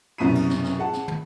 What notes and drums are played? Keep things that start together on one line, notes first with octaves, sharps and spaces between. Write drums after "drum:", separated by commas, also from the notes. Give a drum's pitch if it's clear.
C2 F#2 B2 B6 D#7
drum: cymbal
drum: snare
drum: snare
G#4 F#5 A5
drum: snare
drum: tom